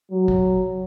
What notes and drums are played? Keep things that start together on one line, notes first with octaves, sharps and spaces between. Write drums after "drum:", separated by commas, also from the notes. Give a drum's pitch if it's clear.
F#3
drum: kick